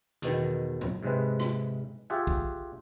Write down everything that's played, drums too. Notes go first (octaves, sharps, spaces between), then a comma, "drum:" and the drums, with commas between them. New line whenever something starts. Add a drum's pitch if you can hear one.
E2 B2 D#3, drum: hi-hat
drum: tom A2
G#2 C3 G#3 B4
drum: rim click
F4 G4 G#4 E5 F#5
drum: kick